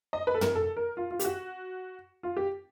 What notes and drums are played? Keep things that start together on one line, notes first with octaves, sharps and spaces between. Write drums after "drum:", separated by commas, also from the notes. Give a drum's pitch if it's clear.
D#5
B4
A4
A#4, drum: tom
A4
A#4
F4
F4
G4, drum: hi-hat
F#4
F4
G4